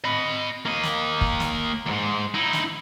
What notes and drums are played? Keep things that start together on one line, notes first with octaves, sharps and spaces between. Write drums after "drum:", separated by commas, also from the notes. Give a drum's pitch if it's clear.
D#5 B5
A#3 D#5
drum: snare
drum: kick
drum: snare
E2 G#2
D#4 E4
drum: snare